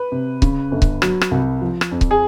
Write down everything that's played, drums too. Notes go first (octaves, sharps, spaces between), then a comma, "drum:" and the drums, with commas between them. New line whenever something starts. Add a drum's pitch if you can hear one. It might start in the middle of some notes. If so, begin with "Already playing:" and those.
Already playing: B4
C3
C#3, drum: kick C#1
G1
drum: kick C#1
F#3, drum: rim click
drum: rim click
C2
F3
drum: rim click
F2
drum: kick C#1
G#4